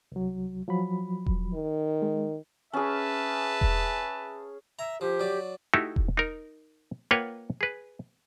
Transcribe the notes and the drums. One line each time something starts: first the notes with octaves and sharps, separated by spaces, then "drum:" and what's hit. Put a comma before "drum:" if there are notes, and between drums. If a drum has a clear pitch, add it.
C2 F#3
F3 F#3 B5
drum: kick E1
D#3
G#3
C#4 G#4 B4 E5 A5
drum: kick E1
E5 A#5
F3 G4
F#3 D5
A3 D#4 E4 F#4 G4
drum: kick E1
D#4 A#4
A#3 F4 B4 C#5 F#5 G5
G#4 B4